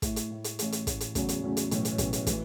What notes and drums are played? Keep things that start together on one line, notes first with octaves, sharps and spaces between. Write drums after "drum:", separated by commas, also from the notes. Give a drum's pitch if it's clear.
A2 A3 E4, drum: kick, hi-hat
drum: hi-hat
A2 A3 E4
drum: hi-hat
A1 A2 A3, drum: hi-hat
drum: hi-hat
A1 A2 A3, drum: kick, hi-hat
drum: hi-hat
E2 C#3 F#3 A3 C#4, drum: kick, hi-hat
drum: hi-hat
E2 C#3 F#3 A3 C#4
drum: hi-hat
B1 A2 E3 C#4, drum: hi-hat
drum: hi-hat
B1 A2 E3 C#4, drum: kick, hi-hat
drum: hi-hat
E3 A3, drum: kick, hi-hat